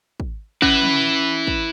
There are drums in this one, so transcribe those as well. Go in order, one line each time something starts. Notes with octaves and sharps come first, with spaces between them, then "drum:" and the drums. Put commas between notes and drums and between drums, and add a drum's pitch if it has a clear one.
drum: kick
C#4 E4 B4, drum: kick
drum: tom
drum: kick